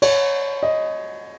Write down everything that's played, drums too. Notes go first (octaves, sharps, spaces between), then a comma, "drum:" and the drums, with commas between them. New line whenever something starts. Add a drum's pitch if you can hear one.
C#5, drum: cymbal
D#5